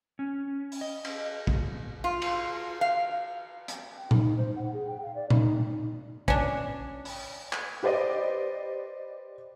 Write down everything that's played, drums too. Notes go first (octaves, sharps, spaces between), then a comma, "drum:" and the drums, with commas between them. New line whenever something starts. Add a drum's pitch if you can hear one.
C#4
drum: open hi-hat
D#5
drum: cymbal
drum: kick
F4
drum: cymbal
F5
drum: hi-hat
G5
D#4, drum: tom A#2
C5
F#5
G#4
G5
F5
D5
D#4, drum: tom A#2
C#4 D4, drum: kick
drum: open hi-hat
drum: clap
G4 B4 C5 D5 D#5